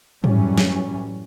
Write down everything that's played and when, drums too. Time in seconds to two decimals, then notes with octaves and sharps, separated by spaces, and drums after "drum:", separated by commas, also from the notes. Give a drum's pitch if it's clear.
0.24 F#2 A2 E3 F#3 G3 C#4, drum: tom G#2
0.58 drum: snare